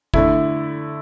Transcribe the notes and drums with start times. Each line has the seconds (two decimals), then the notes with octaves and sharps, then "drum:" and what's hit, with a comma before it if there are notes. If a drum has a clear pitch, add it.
0.14 D3 A3 E4, drum: kick G1